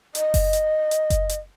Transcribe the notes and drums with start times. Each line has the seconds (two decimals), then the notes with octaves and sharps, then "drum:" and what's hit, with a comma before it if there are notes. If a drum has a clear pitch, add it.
0.15 D#5, drum: hi-hat
0.34 drum: kick F#1, open hi-hat
0.53 drum: hi-hat
0.91 drum: hi-hat
1.10 drum: kick F#1, hi-hat
1.29 drum: hi-hat